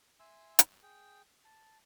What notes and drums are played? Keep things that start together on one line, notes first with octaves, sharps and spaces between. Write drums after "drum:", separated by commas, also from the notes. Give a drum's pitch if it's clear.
E5 G#5 C6 E6
drum: hi-hat
G#4 G5
A5